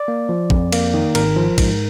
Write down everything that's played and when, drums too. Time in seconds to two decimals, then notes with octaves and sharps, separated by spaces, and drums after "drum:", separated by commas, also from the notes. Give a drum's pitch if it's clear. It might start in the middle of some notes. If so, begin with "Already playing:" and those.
Already playing: D5
0.08 A#3
0.29 F3
0.50 F2, drum: kick
0.72 A#3, drum: cymbal
0.94 D#3
1.15 G#1 A#4, drum: cymbal
1.36 F3
1.58 G#2, drum: kick, cymbal